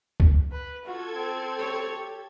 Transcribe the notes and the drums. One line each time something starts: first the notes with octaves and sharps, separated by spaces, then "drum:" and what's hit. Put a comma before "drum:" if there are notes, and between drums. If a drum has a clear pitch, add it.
drum: kick
B4
F4 F#4 A4 G#6
C4
G4 C#5
G4